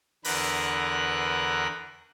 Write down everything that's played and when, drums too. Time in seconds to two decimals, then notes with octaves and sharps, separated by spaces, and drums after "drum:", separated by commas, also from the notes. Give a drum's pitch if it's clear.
0.24 E2 D3 A#4 B4 F#6, drum: open hi-hat